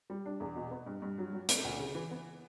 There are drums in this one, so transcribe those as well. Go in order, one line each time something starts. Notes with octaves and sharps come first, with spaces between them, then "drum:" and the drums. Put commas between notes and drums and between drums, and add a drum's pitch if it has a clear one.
G3
D4
E2
B2
B3
G2
G2
F#3
F#3
B3, drum: hi-hat
D2
C#3
E3
B3